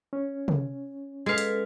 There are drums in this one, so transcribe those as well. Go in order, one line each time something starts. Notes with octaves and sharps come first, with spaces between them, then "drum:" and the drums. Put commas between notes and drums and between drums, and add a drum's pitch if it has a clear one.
C#4
drum: tom
G#3 A4 B4 F5
drum: hi-hat